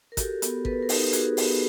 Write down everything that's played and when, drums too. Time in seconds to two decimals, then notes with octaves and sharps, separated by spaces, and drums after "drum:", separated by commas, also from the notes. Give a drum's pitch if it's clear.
0.12 A#4
0.17 F#4 G4 A4, drum: kick, hi-hat
0.42 B3, drum: hi-hat
0.65 B3 A4 B4, drum: kick
0.83 A#4
0.89 D#4 G4 A4, drum: open hi-hat
1.13 F#4 G#4, drum: hi-hat
1.37 B3 G4, drum: open hi-hat